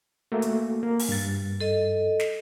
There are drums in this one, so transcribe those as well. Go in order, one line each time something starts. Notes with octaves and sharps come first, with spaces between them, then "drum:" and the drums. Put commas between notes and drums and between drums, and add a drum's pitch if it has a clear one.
A3 A#3 F#4
drum: hi-hat
A#3
drum: open hi-hat
G2 A6
A4 D#5
drum: snare